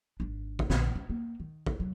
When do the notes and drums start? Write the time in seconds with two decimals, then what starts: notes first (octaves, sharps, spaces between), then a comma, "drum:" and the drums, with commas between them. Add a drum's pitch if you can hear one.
0.20 G#1 D4
0.59 drum: kick
0.70 A#1 D3, drum: snare
0.95 C#4
1.10 A#3
1.40 D#3
1.66 drum: kick
1.80 F#3